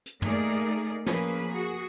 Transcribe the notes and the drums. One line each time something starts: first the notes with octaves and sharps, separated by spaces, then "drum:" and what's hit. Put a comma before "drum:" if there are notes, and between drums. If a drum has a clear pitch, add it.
drum: hi-hat
A3 A#3 D#4 G#4 A#4 D5, drum: tom
F3 A#3 C#4 G#4 B4, drum: snare
F#4 G#4